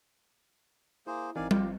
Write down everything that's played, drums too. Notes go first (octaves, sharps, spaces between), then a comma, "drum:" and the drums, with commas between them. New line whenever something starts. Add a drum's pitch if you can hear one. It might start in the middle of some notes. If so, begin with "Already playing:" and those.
A#3 E4 G#4 C5
G#1 E3 C4 D#4 A#4 D5 F5 G#5
F3 G4 F5, drum: tom G3